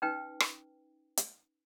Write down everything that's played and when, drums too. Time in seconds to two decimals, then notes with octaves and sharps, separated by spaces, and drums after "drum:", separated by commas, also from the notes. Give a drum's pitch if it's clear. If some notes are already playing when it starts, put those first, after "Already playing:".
0.02 C#4 D#4 B4 G5
0.40 drum: rim click
1.17 drum: hi-hat